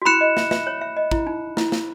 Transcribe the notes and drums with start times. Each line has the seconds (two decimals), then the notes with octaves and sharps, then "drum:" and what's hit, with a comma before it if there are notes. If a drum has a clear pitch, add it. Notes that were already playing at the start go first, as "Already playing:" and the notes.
0.02 F#4
0.05 E4 B5 F#6 C#7 E7
0.21 D#5
0.37 E5, drum: snare
0.51 E5, drum: snare
0.67 C#5
0.81 E5
0.97 D#5
1.11 E4, drum: kick
1.27 D#4
1.57 E4, drum: snare
1.72 drum: snare